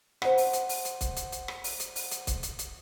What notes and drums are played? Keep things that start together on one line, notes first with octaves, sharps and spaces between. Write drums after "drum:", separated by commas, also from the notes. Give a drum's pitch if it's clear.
C5 F#5, drum: rim click
drum: open hi-hat
drum: hi-hat
drum: open hi-hat
drum: hi-hat
drum: kick C#1, hi-hat
drum: hi-hat
drum: hi-hat
drum: rim click
drum: open hi-hat
drum: hi-hat
drum: open hi-hat
drum: hi-hat
drum: kick C#1, hi-hat
drum: hi-hat
drum: hi-hat